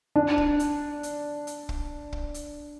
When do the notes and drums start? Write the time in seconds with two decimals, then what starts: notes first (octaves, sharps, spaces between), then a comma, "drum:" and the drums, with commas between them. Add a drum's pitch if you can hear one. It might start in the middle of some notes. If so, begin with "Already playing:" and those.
0.16 D4
0.38 drum: kick
0.59 drum: hi-hat
1.03 drum: hi-hat
1.47 drum: hi-hat
1.69 drum: kick
2.12 drum: kick
2.34 drum: hi-hat